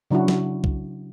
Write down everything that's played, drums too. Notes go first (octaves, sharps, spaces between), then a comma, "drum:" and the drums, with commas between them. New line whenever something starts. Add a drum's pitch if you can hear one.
C#3 F#3 D4 E4 F#4
drum: snare
drum: kick C2